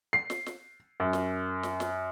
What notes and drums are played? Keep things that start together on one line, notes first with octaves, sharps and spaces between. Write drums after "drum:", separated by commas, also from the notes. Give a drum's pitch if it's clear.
C7
drum: snare
drum: snare
F#2
drum: snare
drum: snare
drum: snare